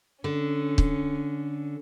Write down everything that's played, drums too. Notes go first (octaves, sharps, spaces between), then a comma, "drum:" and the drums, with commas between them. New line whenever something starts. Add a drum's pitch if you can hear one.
D3 C#4
drum: kick